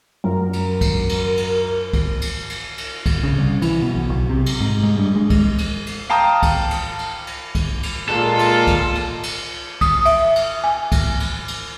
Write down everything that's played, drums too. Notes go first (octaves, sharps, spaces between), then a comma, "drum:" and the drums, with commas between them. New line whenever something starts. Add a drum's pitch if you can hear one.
F#2 A#4
drum: cymbal
drum: kick C2, cymbal
drum: cymbal
drum: cymbal
drum: kick C2, cymbal
drum: cymbal
drum: cymbal
drum: cymbal
drum: kick C2, cymbal
C#3
C2
E3, drum: cymbal
B2
B1
B1
C3
drum: cymbal
G#2
G#3
G2
G#3
drum: kick C2, cymbal
drum: cymbal
drum: cymbal
F5 G5 A5 A#5 D#6
drum: kick C2, cymbal
drum: cymbal
drum: cymbal
drum: cymbal
drum: kick C2, cymbal
drum: cymbal
A#2 G#3 F4 A4
drum: cymbal
drum: kick C2, cymbal
drum: cymbal
drum: cymbal
D#6, drum: kick C2, cymbal
E5, drum: cymbal
drum: cymbal
G#5
drum: kick C2, cymbal
drum: cymbal
drum: cymbal